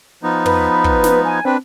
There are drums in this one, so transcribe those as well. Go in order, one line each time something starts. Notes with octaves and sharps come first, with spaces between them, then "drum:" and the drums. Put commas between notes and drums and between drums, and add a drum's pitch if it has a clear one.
F3 B3 D#4
B4, drum: tom
drum: kick
drum: snare
G#5
C4 D4 B4